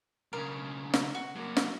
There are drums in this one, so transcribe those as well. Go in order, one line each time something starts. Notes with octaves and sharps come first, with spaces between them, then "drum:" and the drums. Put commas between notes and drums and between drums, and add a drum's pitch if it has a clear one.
B1 C#3 A#4
drum: snare
F#4
F#3 A#3
drum: snare